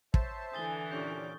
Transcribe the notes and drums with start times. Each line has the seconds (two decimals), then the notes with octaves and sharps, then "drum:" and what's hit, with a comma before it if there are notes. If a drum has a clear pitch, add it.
0.14 C5 C#5 E5 A5, drum: kick
0.54 D3 E3 G#5 D#6 A6 G7
0.91 A#2 C#4 D4 G4 C#6 D6 G6